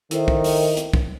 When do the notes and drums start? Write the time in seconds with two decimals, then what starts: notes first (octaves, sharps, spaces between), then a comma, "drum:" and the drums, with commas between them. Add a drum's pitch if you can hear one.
0.11 D#3 E4 A4 C5 E5, drum: hi-hat
0.28 drum: kick
0.44 drum: open hi-hat
0.77 drum: hi-hat
0.94 drum: kick